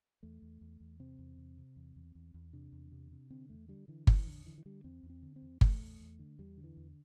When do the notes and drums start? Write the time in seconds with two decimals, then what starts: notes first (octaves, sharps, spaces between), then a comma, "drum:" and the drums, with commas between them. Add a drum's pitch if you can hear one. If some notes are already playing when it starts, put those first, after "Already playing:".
0.23 E2 A3
0.42 E2
0.61 E2
0.80 E2
1.00 C3 C4
1.19 E2
1.38 C3
1.57 C3
1.76 E2
1.96 E2
2.15 E2
2.34 E2
2.53 C3 D4
2.72 E2
2.92 C3
3.11 C3
3.30 D3 C4
3.49 E2 A3
3.68 D3 G3
3.88 D3 E3
4.07 E2 E3, drum: kick G1
4.26 E2 D3
4.46 D3 E3
4.58 E3
4.66 D3 G3
4.84 E2 C4
5.03 E2
5.10 C4
5.23 D3
5.36 C4
5.42 E2
5.61 E2 A3, drum: kick G1
5.81 E2
6.00 E2
6.19 D3
6.39 E2 G3
6.57 D3
6.64 E3
6.77 E2